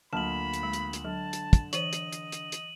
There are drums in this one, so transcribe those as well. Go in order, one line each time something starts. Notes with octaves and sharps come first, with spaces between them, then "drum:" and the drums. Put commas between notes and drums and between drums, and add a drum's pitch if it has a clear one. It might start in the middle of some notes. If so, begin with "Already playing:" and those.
D2 F#3 A#3 F4 A5 B5 E7 F#7
drum: hi-hat
G#3
drum: hi-hat
drum: hi-hat
D3 F#3 A5
drum: hi-hat
drum: kick, hi-hat
E3 C5 C#5 D#5 D#7 F#7, drum: hi-hat
drum: hi-hat
drum: hi-hat
drum: hi-hat
drum: hi-hat